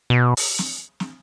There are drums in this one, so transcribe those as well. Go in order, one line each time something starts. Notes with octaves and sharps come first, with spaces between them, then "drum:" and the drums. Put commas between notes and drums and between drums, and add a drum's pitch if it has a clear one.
B2
drum: open hi-hat
drum: snare
drum: snare